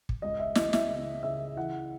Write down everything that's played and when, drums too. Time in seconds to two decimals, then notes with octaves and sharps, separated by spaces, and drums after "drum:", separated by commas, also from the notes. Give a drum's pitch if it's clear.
0.09 drum: kick
0.22 C#2 D#5
0.39 E5
0.55 E3 D#5, drum: snare
0.73 E5, drum: snare
0.89 C#3
1.23 C#3 E5
1.56 E3 F#5